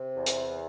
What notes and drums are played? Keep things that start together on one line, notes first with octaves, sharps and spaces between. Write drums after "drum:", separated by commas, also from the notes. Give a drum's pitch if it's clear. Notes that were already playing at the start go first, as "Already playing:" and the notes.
Already playing: C3
E2
drum: hi-hat